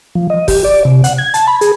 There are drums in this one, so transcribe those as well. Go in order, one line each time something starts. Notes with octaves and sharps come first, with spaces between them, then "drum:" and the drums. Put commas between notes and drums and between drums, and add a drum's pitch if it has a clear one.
F3
D#5
G4, drum: kick, open hi-hat
D5
C3
F#5, drum: hi-hat
G#6
A5, drum: hi-hat
B5
G#4, drum: hi-hat